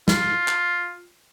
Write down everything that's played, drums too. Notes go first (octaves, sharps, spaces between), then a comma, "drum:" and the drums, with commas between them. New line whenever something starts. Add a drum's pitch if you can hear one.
F4, drum: snare
drum: clap